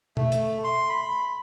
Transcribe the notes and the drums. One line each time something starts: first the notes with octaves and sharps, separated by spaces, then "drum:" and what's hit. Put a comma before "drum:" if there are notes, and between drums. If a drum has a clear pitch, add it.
A3, drum: tom B2
drum: hi-hat
C6
B5